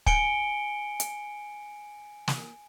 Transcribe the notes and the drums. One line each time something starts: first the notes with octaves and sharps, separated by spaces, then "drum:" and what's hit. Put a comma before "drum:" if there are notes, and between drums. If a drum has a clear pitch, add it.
G#5 C#7 D7 G7, drum: kick
drum: hi-hat
drum: snare